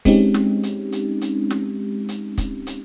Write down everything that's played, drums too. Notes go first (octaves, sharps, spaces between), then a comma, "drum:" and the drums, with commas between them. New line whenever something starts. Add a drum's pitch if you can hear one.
G#3 C4 C#4 D#4 G4, drum: kick, hi-hat
drum: snare
drum: hi-hat
drum: hi-hat
drum: hi-hat
drum: snare
drum: hi-hat
drum: kick, hi-hat
drum: hi-hat